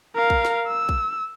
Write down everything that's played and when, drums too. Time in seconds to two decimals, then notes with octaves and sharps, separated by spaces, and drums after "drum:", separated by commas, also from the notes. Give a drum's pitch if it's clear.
0.15 A#4 F5
0.30 drum: kick
0.45 drum: snare
0.67 E6
0.89 drum: kick